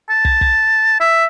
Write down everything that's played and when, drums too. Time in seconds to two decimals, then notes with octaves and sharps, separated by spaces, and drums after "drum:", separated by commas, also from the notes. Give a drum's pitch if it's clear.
0.10 A5
0.25 drum: kick
0.41 drum: kick
1.00 E5